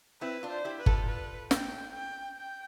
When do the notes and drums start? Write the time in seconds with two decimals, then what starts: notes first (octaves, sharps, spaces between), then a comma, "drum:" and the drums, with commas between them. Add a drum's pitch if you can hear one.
0.21 C4 E4 B4
0.43 D4 F4
0.50 C5
0.65 E4 G4
0.79 B4
0.86 F4 A4, drum: kick G1
1.07 B4
1.51 G5, drum: snare
1.94 G5
2.37 G5